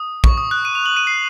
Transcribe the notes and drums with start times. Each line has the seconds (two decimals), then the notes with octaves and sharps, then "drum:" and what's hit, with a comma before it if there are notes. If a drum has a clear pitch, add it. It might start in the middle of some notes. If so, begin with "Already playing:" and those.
Already playing: D#6
0.24 C#6, drum: kick
0.38 D#6
0.51 F#6
0.65 D#7
0.75 F7
0.86 F#7
0.97 D#7
1.07 C7